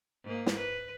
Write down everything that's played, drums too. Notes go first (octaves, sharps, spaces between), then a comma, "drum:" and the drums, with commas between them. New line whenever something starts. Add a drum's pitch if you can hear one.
G#2 A#3
drum: snare
B4